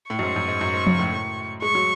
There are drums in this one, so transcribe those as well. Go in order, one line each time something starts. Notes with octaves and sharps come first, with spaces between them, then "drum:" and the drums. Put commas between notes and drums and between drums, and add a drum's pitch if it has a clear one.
A2 C#6
F#2
G#2
F#2
G#2
F#2
G#2
C#3, drum: tom F3
A2
A2
G#3 C#6
F#3